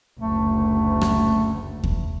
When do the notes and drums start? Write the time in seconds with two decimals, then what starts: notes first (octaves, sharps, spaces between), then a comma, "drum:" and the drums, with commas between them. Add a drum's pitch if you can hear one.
0.19 F#1 D2 A3
1.01 drum: rim click
1.83 drum: kick D#2